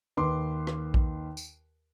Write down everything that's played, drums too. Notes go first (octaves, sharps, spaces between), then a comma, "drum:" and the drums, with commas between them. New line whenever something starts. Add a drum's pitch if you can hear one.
D#2 B4 C6 D6
drum: rim click
drum: kick A#1
drum: tambourine